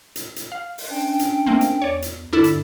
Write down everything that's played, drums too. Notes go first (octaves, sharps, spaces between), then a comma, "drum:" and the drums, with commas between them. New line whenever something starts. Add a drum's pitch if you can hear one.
drum: hi-hat
drum: hi-hat
F5
drum: open hi-hat
C#4 D4 G5
drum: hi-hat
A3 A#3 C4
drum: hi-hat
E2 C#5 D5
drum: hi-hat
G2 D3 D4 E4 A4
drum: hi-hat